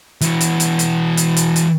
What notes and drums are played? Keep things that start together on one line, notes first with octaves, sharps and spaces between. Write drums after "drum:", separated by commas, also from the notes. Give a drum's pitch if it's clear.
E3 F#4, drum: hi-hat
drum: hi-hat
drum: hi-hat
drum: hi-hat
drum: hi-hat
drum: hi-hat
drum: hi-hat